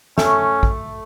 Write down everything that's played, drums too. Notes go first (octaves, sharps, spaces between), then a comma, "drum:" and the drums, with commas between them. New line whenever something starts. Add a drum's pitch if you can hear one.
A3 C#4, drum: snare
drum: kick